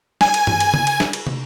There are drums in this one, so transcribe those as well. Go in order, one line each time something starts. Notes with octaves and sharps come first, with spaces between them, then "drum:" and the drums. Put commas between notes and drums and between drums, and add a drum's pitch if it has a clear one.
G#5, drum: snare
drum: cymbal
drum: tom G2
drum: cymbal
drum: tom C#3
drum: cymbal
drum: snare
drum: cymbal
drum: tom